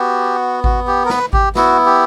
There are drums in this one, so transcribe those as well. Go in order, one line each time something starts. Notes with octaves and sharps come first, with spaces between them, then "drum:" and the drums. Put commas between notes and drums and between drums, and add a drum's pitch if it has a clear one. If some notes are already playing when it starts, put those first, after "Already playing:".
Already playing: B3 F#4 G4
F#4, drum: kick G#1
G4
A#4
B4, drum: snare
G4, drum: kick G#1
B3 E4 F#4, drum: snare
G4